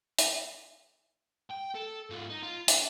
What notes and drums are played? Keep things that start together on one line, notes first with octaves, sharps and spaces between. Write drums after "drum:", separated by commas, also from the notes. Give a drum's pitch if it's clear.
drum: hi-hat
G5
A4
G#2 F4
D#4
F4
D4, drum: hi-hat